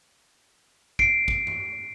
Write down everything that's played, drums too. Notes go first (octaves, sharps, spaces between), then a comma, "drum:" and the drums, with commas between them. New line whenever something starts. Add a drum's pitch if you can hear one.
C7 D7, drum: kick G#1
drum: kick G#1
drum: tom G2